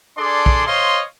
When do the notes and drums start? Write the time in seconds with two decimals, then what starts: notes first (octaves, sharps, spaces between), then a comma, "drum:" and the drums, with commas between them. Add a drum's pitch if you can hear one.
0.18 D4 G#4 A4 D5 C6
0.46 drum: kick A#1
0.67 C5 C#5 D#5 F5 C6